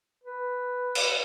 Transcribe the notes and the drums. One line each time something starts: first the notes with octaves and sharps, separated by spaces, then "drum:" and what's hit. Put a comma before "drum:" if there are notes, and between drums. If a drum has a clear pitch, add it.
B4
drum: cymbal